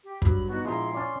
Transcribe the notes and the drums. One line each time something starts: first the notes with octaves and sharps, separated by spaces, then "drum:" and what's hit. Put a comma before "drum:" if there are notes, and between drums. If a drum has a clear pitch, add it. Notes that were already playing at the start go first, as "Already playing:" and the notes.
G4
G2 F#3 B5, drum: kick
B3 D#4 F#4
A#1 G#3 E4 A#5 C6
C#4 D5